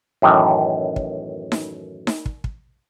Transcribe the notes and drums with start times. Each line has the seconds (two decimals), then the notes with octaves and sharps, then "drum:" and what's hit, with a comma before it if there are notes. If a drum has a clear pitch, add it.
0.22 F#2 A2 D#3 E3
0.96 drum: kick
1.52 drum: snare D#4
2.07 drum: snare D#4
2.26 drum: kick
2.44 drum: kick